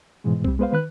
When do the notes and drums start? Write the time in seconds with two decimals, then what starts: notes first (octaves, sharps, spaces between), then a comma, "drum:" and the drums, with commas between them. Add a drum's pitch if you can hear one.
0.24 G#2 B2 E3 G#3
0.44 G3 C4, drum: kick B1
0.59 G#3 B3 B4 C5 F5
0.73 D#3 B4 F#6